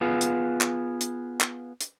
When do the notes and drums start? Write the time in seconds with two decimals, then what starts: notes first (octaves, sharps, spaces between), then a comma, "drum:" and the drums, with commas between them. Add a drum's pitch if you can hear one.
0.01 B3 F4 G#4
0.21 drum: hi-hat
0.61 drum: clap
1.01 drum: hi-hat
1.41 drum: clap
1.81 drum: hi-hat